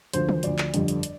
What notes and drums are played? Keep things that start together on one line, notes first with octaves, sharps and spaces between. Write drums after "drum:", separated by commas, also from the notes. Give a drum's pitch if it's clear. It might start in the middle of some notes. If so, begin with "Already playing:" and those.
D2 D3 F3 C5, drum: hi-hat
drum: tom
D2 D3 F3 D5, drum: hi-hat
drum: clap
G1 F2 D3 G3, drum: hi-hat
drum: hi-hat
drum: hi-hat